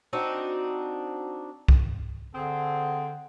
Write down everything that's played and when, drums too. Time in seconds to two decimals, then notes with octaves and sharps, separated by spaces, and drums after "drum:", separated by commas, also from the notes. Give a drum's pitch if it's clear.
0.13 C4 D4 D#4 F#4
1.68 drum: kick C2
2.34 D3 C4 G#4